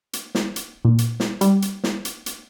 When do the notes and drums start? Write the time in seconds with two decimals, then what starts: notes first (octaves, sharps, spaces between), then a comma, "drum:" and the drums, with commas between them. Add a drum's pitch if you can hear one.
0.13 drum: hi-hat
0.35 drum: snare
0.56 drum: hi-hat
0.85 A#2
0.98 drum: hi-hat
1.20 drum: snare
1.41 G3, drum: hi-hat
1.62 drum: hi-hat
1.84 drum: snare
2.05 drum: hi-hat
2.26 drum: hi-hat